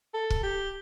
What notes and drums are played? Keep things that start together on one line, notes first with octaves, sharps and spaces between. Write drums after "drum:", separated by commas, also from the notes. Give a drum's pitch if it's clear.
A4
drum: kick
G4